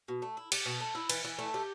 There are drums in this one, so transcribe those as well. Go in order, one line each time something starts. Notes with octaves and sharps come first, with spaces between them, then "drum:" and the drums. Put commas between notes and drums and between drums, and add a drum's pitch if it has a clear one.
B2
A3
E4
G4, drum: cymbal
B2
A3
E4
E3, drum: cymbal
E3
A3
G4